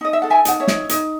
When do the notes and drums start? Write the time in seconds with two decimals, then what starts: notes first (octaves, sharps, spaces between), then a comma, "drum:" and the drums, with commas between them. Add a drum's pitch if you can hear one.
0.01 D#4 D#5
0.13 E5
0.22 A4 F#5
0.30 E5 G#5
0.45 D#4 F#5, drum: hi-hat
0.60 C#5 E5
0.68 D#4, drum: snare
0.89 D#4, drum: hi-hat